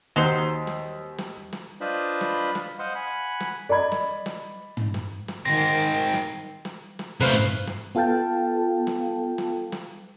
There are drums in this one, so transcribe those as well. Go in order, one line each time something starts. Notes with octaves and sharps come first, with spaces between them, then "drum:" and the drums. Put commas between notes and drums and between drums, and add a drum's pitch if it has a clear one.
D#2 F#3 D#4 C5
drum: snare
drum: snare
drum: snare
D4 F4 B4 C5 D#5 B5
drum: snare
drum: snare
C5 D#5 F5 F#5 C6
F#5 G#5 B5
drum: snare
D5 D#5 B5 G#6
drum: snare
drum: snare
drum: tom
drum: snare
drum: snare
G#2 D#3 C4 A#6
drum: snare
drum: snare
drum: snare
C3 A3 B4 C5 F5
drum: tom
drum: snare
B3 F4 A4 F5 G5 A5
drum: snare
drum: snare
drum: snare